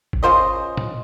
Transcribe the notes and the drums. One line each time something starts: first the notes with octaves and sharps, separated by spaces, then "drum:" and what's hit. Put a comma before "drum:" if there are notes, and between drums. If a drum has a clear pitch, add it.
drum: kick G1
C#3 F4 C5 D#5
drum: tom